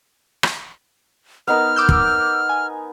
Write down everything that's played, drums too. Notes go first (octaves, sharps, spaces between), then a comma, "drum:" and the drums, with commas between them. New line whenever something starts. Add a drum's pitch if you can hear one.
drum: rim click
B3 D#4 A#4 F6
D6 E6 G6
drum: kick
G#5